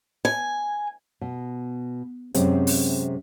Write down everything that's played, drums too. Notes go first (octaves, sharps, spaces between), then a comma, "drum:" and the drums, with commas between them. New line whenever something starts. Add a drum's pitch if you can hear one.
G#5
B2
F#2 C3 G#3 C4, drum: hi-hat
drum: open hi-hat